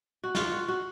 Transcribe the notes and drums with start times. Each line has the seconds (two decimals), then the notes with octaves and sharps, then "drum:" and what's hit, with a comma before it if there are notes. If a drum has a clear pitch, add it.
0.24 F#4
0.35 F4, drum: snare
0.52 F#4
0.68 F#4